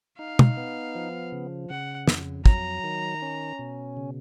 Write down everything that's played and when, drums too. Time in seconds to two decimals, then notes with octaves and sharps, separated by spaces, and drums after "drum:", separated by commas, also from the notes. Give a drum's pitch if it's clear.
0.19 D#4 F5
0.39 drum: tom B2
0.57 B3
0.95 F3
1.32 C#3
1.70 C#3 F#5
2.08 F2, drum: snare
2.46 F#3 A#5, drum: kick
2.84 D#3
3.22 C#4
3.59 B2
3.97 C#3